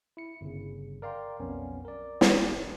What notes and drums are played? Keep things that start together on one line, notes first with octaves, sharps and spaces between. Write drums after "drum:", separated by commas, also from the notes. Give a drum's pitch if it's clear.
E4 C#7
G1 C#3
A#4 D5 F5 G5 C6
B1 F2 B3 C#4
A#4 D5
drum: snare